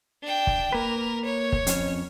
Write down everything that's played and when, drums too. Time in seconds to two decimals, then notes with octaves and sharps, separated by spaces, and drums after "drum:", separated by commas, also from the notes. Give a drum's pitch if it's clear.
0.23 D4 G5
0.47 drum: kick
0.72 A#3 A#4 B4
1.25 C#5
1.52 drum: kick
1.67 F2 C#4, drum: hi-hat